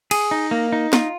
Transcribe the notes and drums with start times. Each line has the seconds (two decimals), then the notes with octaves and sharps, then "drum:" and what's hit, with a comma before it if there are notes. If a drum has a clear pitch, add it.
0.11 G#4, drum: cymbal
0.31 D#4
0.51 A#3
0.73 D#4
0.93 F4, drum: snare